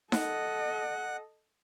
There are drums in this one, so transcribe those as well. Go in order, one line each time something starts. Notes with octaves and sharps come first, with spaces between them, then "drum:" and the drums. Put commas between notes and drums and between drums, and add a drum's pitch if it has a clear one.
A4 D#5 F#5, drum: snare D#4